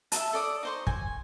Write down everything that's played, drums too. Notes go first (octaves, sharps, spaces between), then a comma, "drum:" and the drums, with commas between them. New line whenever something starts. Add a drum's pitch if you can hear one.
E5 A5, drum: hi-hat
A4 D5 D#6
D#4 C5 C#6
G#5, drum: kick